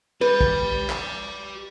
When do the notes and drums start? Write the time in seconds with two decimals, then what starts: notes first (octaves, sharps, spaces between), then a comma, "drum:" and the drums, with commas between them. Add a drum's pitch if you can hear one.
0.21 G4 B4 B5
0.41 drum: kick
0.90 drum: clap